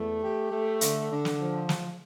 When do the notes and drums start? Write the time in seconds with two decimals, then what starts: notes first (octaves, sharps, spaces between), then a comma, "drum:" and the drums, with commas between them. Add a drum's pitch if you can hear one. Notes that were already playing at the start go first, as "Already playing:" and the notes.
Already playing: E2 A3
0.23 G4
0.52 A3
0.81 D3, drum: hi-hat
1.10 D3
1.25 drum: snare
1.40 F3
1.69 drum: snare